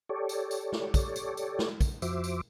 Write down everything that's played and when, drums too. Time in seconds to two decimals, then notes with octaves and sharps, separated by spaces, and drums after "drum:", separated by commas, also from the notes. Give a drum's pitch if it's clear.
0.09 G4 A4 C#5 D5
0.29 drum: tambourine
0.51 drum: tambourine
0.72 drum: snare
0.94 drum: kick, tambourine
1.16 drum: tambourine
1.37 drum: tambourine
1.59 drum: snare
1.81 drum: kick, tambourine
2.02 F2 F3 F#4 C5 E5 D6, drum: tambourine
2.24 drum: tambourine